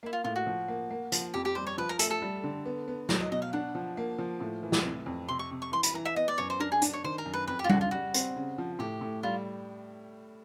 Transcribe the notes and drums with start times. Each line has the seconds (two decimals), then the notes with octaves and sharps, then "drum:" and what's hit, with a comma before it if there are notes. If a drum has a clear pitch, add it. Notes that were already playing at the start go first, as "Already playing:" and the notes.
0.03 A#3 E4
0.13 F4
0.24 A2 F4
0.36 F#4
0.46 F3
0.68 A#3
0.90 A#3
1.12 F3, drum: hi-hat
1.34 F2 G4
1.45 G4
1.55 G3 C5
1.67 C#5
1.78 F3 B4
1.89 A#4
1.99 A3 A4, drum: hi-hat
2.10 A4
2.22 G3
2.43 D3
2.66 B3
2.88 B3
3.09 F#3 A#4, drum: snare
3.20 D#5
3.32 B2 D#5
3.42 F5
3.53 D4 F#5
3.75 F3
3.97 A#3
4.18 F3
4.40 A2
4.63 E3
4.72 drum: snare
4.84 C3
5.06 F2
5.28 C3 C6
5.39 C#6
5.51 C3
5.62 C#6
5.72 E3 C6
5.83 B5, drum: hi-hat
5.94 E3 A#5
6.05 E5
6.16 B3 D#5
6.28 D5
6.38 F#2 C#5
6.50 C5
6.60 D4 A#4
6.72 G#4
6.82 D4, drum: hi-hat
6.93 C#5
7.04 D#3 C5
7.18 A#4
7.26 F#2
7.33 B4
7.47 F2 B4
7.59 G4
7.64 F4
7.69 C#3 F#4, drum: tom G3
7.81 F4
7.91 G3 F#4
8.14 C4, drum: hi-hat
8.36 C#3
8.58 F3
8.79 A2 G4
9.01 A2
9.23 G3 F4